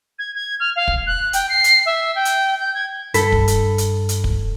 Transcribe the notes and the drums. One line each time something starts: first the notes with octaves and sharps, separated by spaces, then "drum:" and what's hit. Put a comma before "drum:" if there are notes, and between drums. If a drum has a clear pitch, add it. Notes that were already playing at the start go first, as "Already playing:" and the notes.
G#6
G#6
F6
F5
drum: kick
F#6
G5, drum: hi-hat
C7
drum: hi-hat
E5
G5
drum: hi-hat
G6
G#6
G2 A4 B5, drum: hi-hat
drum: kick
drum: hi-hat
drum: hi-hat
drum: hi-hat
drum: kick